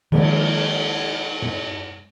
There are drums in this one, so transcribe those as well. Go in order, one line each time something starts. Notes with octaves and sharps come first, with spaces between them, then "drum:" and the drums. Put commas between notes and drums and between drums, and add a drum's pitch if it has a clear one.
D#3 F3 G#3 A#3, drum: cymbal
drum: tom